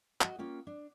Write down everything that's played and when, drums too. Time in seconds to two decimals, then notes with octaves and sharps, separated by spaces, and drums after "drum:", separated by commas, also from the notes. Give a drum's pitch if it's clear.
0.21 F#4 D#5, drum: clap
0.39 A#3 C#4 F4 G5
0.67 D4